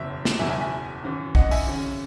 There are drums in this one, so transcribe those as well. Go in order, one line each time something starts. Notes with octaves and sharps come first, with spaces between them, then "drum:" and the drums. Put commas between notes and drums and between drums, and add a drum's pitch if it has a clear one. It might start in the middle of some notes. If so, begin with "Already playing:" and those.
Already playing: F#1 E2 B2 F#3 E5
drum: snare
F#1 E2 B2 E5 G#5
E5 G#5
E5 G#5
G#1 F#2 E3
D#5 F#5, drum: kick A#1
E5 G#5, drum: open hi-hat
G#1 F#2 C#3